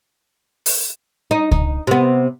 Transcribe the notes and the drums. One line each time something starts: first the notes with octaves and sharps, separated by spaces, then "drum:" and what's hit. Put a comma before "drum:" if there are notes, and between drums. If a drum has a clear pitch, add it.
drum: open hi-hat
D#4
D#4, drum: kick C#2
C3 B3